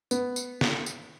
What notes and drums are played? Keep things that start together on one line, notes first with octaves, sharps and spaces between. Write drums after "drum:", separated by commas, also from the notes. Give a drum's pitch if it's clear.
B3, drum: tambourine
drum: tambourine
drum: snare
drum: tambourine